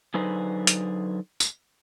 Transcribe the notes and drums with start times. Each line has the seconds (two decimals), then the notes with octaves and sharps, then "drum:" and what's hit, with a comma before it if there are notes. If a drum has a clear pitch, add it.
0.14 D3 F#3 D#4 G#4 B4 C5
0.67 drum: hi-hat
1.40 drum: tambourine